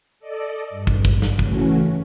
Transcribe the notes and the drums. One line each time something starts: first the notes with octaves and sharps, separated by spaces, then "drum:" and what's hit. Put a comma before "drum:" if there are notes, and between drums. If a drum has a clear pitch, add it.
A4 D5 D#5
G2
drum: kick
drum: kick
drum: snare
C#3 E3 A3 C#4 F#4, drum: kick